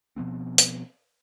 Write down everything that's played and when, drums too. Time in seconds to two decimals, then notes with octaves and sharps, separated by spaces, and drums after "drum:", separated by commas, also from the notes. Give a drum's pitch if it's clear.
0.16 B2 F3 B3 C4
0.58 drum: hi-hat